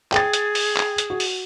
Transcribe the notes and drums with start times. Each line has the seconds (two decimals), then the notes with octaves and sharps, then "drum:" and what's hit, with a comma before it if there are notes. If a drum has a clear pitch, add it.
0.12 G#4 G5 A6, drum: clap
0.33 drum: hi-hat
0.55 drum: open hi-hat
0.77 drum: clap
0.98 drum: hi-hat
1.10 F#4
1.20 drum: open hi-hat